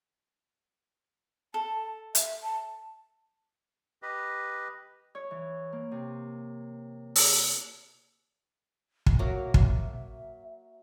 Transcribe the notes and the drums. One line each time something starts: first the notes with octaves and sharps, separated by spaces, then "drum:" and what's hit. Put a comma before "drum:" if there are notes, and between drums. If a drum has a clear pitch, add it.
A4 A5
E5, drum: hi-hat
A5
G4 B4 D#5
C#5
E3
A#3
C3
E6, drum: open hi-hat
drum: kick
F#3 A#3 A#4 E5
drum: kick